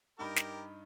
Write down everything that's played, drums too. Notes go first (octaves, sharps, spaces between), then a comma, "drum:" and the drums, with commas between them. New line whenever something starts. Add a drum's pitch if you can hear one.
G2 D#4 G4 A#4 B5
drum: snare